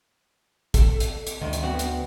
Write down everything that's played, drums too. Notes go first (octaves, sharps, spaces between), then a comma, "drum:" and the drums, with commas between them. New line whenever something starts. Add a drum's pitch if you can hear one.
A4, drum: kick A1, hi-hat
drum: hi-hat
drum: hi-hat
D2 D#3
drum: hi-hat
B3 C4 F#4
drum: hi-hat